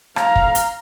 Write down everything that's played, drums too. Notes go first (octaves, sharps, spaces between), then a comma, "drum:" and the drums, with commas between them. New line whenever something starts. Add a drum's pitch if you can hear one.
F5 A#5, drum: rim click
drum: kick
drum: hi-hat